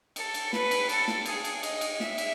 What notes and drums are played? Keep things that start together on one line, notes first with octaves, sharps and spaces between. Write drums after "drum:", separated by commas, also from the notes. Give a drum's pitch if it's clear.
A4, drum: cymbal
drum: cymbal
B4, drum: snare
drum: cymbal
A4, drum: cymbal
drum: snare
G#4, drum: cymbal
drum: cymbal
D#5, drum: cymbal
drum: cymbal
E5, drum: snare
drum: cymbal